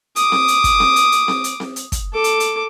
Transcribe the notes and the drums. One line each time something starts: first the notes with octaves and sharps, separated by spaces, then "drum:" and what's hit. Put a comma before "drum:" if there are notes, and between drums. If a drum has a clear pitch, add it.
D6 D#6, drum: hi-hat
drum: snare C4
drum: hi-hat
drum: kick, hi-hat
drum: snare C4
drum: hi-hat
drum: hi-hat
drum: snare C4
drum: hi-hat
drum: snare C4
drum: hi-hat
drum: kick, hi-hat
A4 D6
drum: hi-hat
drum: hi-hat